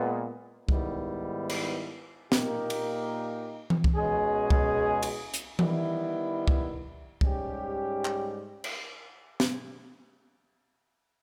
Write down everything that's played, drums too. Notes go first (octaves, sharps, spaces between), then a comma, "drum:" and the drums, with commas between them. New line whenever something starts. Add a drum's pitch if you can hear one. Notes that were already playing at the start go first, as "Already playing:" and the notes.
Already playing: A#2 G#3 B3
G#2 D#3 G3 B3 E4, drum: kick C2
drum: cymbal
A#2 A#3 D#4 G4 A#4, drum: snare
drum: cymbal
drum: tom E3
drum: kick C2
B2 G#3 C#4 G#4
drum: kick C2
drum: cymbal
drum: hi-hat
D#3 G3 B3 E4, drum: tom E3
drum: kick C2
G#2 G3 C#4 G4, drum: kick C2
drum: clap
drum: cymbal
drum: snare